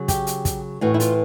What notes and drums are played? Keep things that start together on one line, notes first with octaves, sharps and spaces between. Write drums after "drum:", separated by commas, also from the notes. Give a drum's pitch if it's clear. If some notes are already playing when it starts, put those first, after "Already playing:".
Already playing: C#3 F#3
G4, drum: kick, hi-hat
drum: hi-hat
drum: kick, hi-hat
A2 E3 F#4
E4
F4, drum: hi-hat